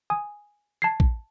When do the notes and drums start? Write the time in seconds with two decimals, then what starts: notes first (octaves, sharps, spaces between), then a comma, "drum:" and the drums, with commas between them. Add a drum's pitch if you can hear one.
0.10 G#5 D#6
0.82 A5 G#6 C7
1.00 drum: kick